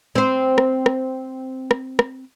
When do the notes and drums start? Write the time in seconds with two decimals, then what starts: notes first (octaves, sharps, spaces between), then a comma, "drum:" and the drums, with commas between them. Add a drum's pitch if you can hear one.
0.15 C4 C5
0.58 drum: rim click
0.86 drum: rim click
1.71 drum: rim click
1.99 drum: rim click